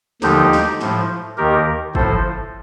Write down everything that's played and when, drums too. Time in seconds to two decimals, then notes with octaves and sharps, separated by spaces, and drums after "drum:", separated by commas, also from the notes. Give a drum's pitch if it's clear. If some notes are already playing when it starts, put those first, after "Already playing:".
0.22 D#2 D3 F3 D#4 G4, drum: snare
0.53 drum: snare
0.81 A2 F3, drum: snare
1.38 D#2 D#3 G4 A#4
1.95 A2 F3 A4 C5, drum: kick